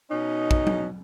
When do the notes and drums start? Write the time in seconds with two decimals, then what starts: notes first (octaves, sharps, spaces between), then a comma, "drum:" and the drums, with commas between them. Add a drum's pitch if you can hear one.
0.11 B2 C#4 D#4
0.51 drum: kick
0.67 drum: tom F#3